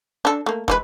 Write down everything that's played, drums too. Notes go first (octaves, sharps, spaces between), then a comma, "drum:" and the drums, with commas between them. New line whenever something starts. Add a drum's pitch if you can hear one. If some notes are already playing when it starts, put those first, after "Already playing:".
D4 A4
A3 A#3
E3 G#3 B4, drum: kick